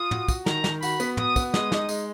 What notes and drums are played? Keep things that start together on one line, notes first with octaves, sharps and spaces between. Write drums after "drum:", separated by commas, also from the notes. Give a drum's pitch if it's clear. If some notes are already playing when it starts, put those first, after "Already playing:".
Already playing: F4 D#6
F#4, drum: tom
F#4, drum: kick, tambourine
D#3 A#5, drum: snare
D#3, drum: snare
F#4 B5, drum: tambourine
B3, drum: tambourine
F#4 D#6, drum: tom
B3, drum: kick, tambourine
G#3 D#6, drum: snare
D#4, drum: snare
G#3, drum: tambourine